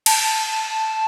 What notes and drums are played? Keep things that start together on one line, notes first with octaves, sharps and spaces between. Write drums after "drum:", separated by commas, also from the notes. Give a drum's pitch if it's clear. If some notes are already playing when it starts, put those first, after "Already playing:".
A5, drum: cymbal